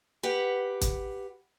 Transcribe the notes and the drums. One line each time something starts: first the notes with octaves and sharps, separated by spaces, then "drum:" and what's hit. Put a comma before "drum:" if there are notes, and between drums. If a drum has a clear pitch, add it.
G4 B4 F#5
drum: kick, hi-hat